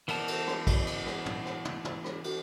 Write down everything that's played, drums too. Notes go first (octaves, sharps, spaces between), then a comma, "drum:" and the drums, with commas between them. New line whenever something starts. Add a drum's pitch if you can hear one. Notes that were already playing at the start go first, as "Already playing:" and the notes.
E3 B3 A#4 A5, drum: cymbal
drum: cymbal
drum: rim click
drum: kick, cymbal
drum: cymbal
drum: rim click
drum: tom
drum: rim click
drum: tom
drum: tom
drum: rim click
drum: cymbal